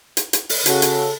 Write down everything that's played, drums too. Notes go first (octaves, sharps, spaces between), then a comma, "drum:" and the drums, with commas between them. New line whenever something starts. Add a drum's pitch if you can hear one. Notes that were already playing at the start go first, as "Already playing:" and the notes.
drum: hi-hat
drum: hi-hat
drum: open hi-hat
C#3 F#4 A4, drum: hi-hat
drum: hi-hat